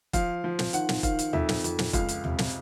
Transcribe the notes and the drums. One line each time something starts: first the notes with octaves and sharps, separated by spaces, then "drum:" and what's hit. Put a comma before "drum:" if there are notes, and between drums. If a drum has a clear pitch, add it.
F3 F5, drum: kick E1, hi-hat
F3
drum: snare
D#3 F#5, drum: hi-hat
drum: snare
D#3 F5, drum: kick E1, hi-hat
drum: hi-hat
F2 E5, drum: tom
drum: snare
F2, drum: hi-hat
drum: snare
C#2 F5, drum: kick E1, hi-hat
drum: hi-hat
C3, drum: tom
drum: snare